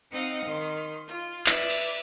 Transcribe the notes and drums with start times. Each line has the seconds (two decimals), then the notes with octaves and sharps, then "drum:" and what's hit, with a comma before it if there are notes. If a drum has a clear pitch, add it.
0.12 C4 D#4 D#5 F5 F#5
0.45 D#3 C6
1.06 F4
1.46 B4 D5 E5, drum: clap
1.70 drum: cymbal